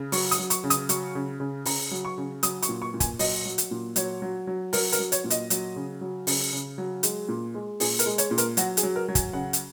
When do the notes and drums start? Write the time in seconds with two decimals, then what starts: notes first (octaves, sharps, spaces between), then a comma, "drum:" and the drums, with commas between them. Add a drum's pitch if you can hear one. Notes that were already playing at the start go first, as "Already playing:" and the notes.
Already playing: C#3
0.12 F#3 C#6, drum: open hi-hat
0.31 D#6, drum: hi-hat
0.38 F#3
0.50 C#6, drum: hi-hat
0.64 C#3
0.70 D#6, drum: hi-hat
0.89 F#3 C#6, drum: hi-hat
1.15 C#3
1.40 C#3
1.65 C#3 A#5, drum: open hi-hat
1.91 F#3
2.05 C#6
2.18 C#3
2.43 F#3 D#6, drum: hi-hat
2.62 C#6, drum: hi-hat
2.69 A#2
2.82 C#6
2.94 A#2
3.00 G#5, drum: kick, hi-hat
3.19 F#3 D#5, drum: open hi-hat
3.46 F#3
3.58 drum: hi-hat
3.71 A#2
3.96 F#3 C#5, drum: hi-hat
4.22 F#3
4.47 F#3
4.73 F#3 A#4, drum: open hi-hat
4.92 A#4, drum: hi-hat
4.99 F#3
5.12 C#5, drum: hi-hat
5.24 A#2
5.30 D#5, drum: hi-hat
5.50 F#3, drum: hi-hat
5.76 C#3
6.01 F#3
6.27 C#3, drum: open hi-hat
6.53 C#3
6.78 F#3
7.03 G#3, drum: hi-hat
7.29 A#2
7.54 G#3
7.80 A#2 G#4, drum: open hi-hat
7.99 A#4, drum: hi-hat
8.06 G#3
8.18 C#5, drum: hi-hat
8.31 A#2
8.38 A#4, drum: hi-hat
8.57 F#3 F#4, drum: hi-hat
8.77 G#4, drum: hi-hat
8.83 F#3
8.96 A#4
9.08 F#3
9.15 G#5, drum: kick, hi-hat
9.33 C#3 F#5
9.53 drum: hi-hat